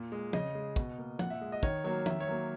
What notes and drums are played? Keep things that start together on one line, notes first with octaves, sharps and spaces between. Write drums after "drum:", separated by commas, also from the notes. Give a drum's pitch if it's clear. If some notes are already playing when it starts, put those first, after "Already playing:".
Already playing: A#2
G#3
C#3 D#5, drum: tom
G#3
B2, drum: kick
A#3
A#2 F#5, drum: tom
E5
G#3
D#5
D#3 C#5, drum: kick
F#3 A#3 C#5
D#3 E5, drum: tom
C#5
F#3 A#3